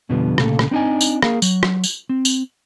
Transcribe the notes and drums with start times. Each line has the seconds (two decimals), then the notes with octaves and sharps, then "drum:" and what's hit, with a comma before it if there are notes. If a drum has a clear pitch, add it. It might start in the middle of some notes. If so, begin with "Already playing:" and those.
0.09 F2 B2 D3 F3 G3 B3
0.38 C2 A#2 C#3 A3 A4, drum: rim click
0.59 drum: rim click
0.71 C4 D4 D#4 D#5 G#5
1.01 drum: tambourine
1.22 A#3 G#4 A#4 F5, drum: rim click
1.42 F#3, drum: tambourine
1.63 drum: rim click
1.83 drum: tambourine
2.09 C4
2.25 drum: tambourine